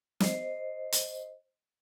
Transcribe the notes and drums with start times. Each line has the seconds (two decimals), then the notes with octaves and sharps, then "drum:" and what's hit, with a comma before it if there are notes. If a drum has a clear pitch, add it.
0.20 C5 D#5, drum: snare
0.92 drum: hi-hat